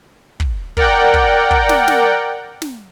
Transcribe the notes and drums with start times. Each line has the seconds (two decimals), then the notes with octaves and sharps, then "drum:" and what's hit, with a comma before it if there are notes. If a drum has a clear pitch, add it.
0.40 drum: kick
0.77 A#4 D5 F#5 G5, drum: kick
1.14 drum: kick
1.51 drum: kick
1.69 drum: snare
1.88 drum: snare
2.62 drum: snare